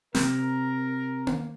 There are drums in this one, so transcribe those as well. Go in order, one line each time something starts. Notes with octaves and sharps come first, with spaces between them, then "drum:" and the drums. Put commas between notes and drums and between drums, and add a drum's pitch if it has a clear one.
C3 A#4, drum: snare
drum: tom A#3